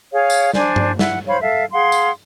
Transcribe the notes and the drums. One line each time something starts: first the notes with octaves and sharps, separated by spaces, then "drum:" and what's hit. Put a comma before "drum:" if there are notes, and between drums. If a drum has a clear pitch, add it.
G#4 C#5 F5
drum: tambourine
D4 C5 D5 G#5, drum: snare
drum: tom G2
E4 F#5, drum: snare
C5 C#5 F5 B5
A4 E5 F5
G#4 F5 F#5 C6
drum: tambourine